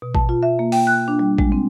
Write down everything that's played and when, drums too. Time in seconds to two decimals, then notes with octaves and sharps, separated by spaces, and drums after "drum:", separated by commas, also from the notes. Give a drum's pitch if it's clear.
0.02 B2
0.15 A5, drum: kick A1
0.29 F4
0.43 E5
0.59 A#3
0.72 G5, drum: open hi-hat
0.87 F#6
1.08 D4
1.19 G3
1.38 G#3, drum: kick A1
1.52 C4